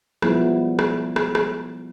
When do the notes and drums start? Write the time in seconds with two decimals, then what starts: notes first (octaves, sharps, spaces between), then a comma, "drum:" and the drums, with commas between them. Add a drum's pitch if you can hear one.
0.22 F3 G3 G#3 B3 E4, drum: rim click
0.79 drum: rim click
1.16 drum: rim click
1.35 drum: rim click